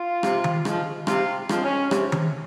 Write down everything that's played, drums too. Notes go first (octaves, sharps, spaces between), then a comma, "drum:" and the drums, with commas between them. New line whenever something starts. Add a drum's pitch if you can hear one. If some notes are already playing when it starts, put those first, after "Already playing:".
Already playing: F4
C3, drum: rim click
drum: tom D#3
F3 G#3, drum: rim click
C3 F4, drum: rim click
F3 G#3 C4, drum: rim click
C#4
C3, drum: rim click
drum: tom D#3